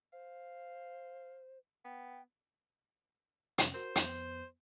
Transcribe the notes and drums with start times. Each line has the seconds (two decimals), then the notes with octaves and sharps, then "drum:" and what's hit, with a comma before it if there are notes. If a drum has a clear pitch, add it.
0.13 C5 F5
1.85 B3 G5
3.58 F2 C3 C#4, drum: hi-hat
3.74 F#4 A#4 C5
3.95 F2 B3, drum: hi-hat